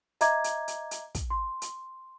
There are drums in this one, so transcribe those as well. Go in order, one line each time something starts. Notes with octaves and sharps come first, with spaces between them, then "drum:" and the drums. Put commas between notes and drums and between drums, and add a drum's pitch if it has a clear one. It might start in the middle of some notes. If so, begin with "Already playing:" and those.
D#5 E5 A#5 D6 G#6, drum: hi-hat
drum: hi-hat
drum: hi-hat
drum: hi-hat
drum: kick, hi-hat
C6
drum: hi-hat